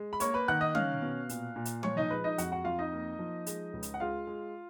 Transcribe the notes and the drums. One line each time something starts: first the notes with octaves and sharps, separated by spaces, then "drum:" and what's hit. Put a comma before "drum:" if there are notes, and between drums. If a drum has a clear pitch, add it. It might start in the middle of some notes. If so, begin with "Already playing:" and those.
Already playing: G#3
B5
A#3 C#5 C#6, drum: hi-hat
B4 B5
D#3 F#5 F#6
D#5 D#6
C#4 F5 F6, drum: tom
B2
A#2, drum: hi-hat
A#2
drum: hi-hat
F3 C#5 C#6, drum: tom
D#4 D#5
G#3 B4
D#4 D#5
F2 F#4 F#5, drum: hi-hat
F#4 F#5
F2 F4 F5
D#4 D#5
A#3
F3
G#3, drum: hi-hat
C#2
drum: hi-hat
F#5
G#3 F4 F5
G#3